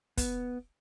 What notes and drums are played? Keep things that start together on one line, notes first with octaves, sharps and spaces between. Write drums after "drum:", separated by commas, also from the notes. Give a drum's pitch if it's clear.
B3, drum: kick, hi-hat